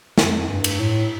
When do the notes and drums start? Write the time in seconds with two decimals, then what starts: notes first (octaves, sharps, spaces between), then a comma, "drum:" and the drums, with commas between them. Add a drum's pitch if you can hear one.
0.18 F2, drum: snare
0.49 G2
0.64 drum: cymbal
0.80 A2